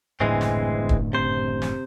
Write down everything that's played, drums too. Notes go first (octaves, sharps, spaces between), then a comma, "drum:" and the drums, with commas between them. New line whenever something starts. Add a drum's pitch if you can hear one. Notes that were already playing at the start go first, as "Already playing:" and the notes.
F#1 A2 D3 E3 G#3 C4
drum: snare
drum: kick
C3 C5
drum: snare